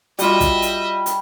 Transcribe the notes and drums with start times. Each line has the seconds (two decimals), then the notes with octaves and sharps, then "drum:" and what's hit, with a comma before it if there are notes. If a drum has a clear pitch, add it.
0.19 G3 F4 F#4 D#5 E5, drum: hi-hat
0.40 drum: kick, hi-hat
0.62 drum: hi-hat
1.06 drum: hi-hat